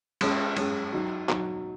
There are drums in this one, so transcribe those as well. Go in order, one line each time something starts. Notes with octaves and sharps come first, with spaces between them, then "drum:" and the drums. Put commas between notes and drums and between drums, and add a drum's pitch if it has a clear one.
G#3 C#4 G#4, drum: cymbal
G#3 C#4 G#4, drum: cymbal
F#3 D#4 F#4
F#3 D#4 F#4, drum: clap